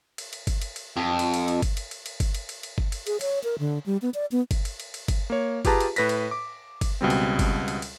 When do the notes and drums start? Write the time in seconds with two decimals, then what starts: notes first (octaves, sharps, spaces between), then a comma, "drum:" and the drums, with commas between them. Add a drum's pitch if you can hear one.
0.18 drum: cymbal
0.33 drum: cymbal
0.47 drum: kick G1, cymbal
0.62 drum: cymbal
0.76 drum: cymbal
0.97 F2
1.19 drum: cymbal
1.34 drum: cymbal
1.48 drum: cymbal
1.62 drum: kick G1, cymbal
1.77 drum: cymbal
1.91 drum: cymbal
2.06 drum: cymbal
2.20 drum: kick G1, cymbal
2.35 drum: cymbal
2.49 drum: cymbal
2.63 drum: cymbal
2.78 drum: kick G1
2.92 drum: cymbal
3.07 G#4, drum: cymbal
3.21 C#5, drum: cymbal
3.44 A#4
3.59 D3
3.86 G3
4.02 B3
4.14 D5
4.32 B3
4.51 drum: kick G1, cymbal
4.65 drum: cymbal
4.80 drum: cymbal
4.94 drum: cymbal
5.08 drum: kick G1, cymbal
5.30 A#3 C#5
5.65 F4 G4 G#4 B4 A5 A#5, drum: kick G1, cymbal
5.80 drum: cymbal
5.96 A2 B4 A#6 B6, drum: cymbal
6.09 drum: cymbal
6.31 D6
6.81 drum: kick G1, cymbal
7.01 C#2 B2 G3 C4
7.10 drum: cymbal
7.39 drum: kick G1, cymbal
7.68 drum: cymbal
7.82 drum: cymbal